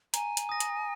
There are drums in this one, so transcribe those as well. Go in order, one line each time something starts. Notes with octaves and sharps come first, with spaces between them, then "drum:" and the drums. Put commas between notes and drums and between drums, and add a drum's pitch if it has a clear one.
G#5 A#5, drum: hi-hat
drum: hi-hat
D#6 A#6
drum: hi-hat